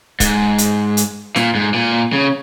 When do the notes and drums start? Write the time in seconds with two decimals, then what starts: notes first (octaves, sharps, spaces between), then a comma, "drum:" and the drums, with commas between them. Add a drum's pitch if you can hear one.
0.20 G#2, drum: kick C#1, hi-hat
0.58 drum: hi-hat
0.97 drum: hi-hat
1.36 A#2, drum: snare
1.55 G#2
1.74 A#2
2.13 C#3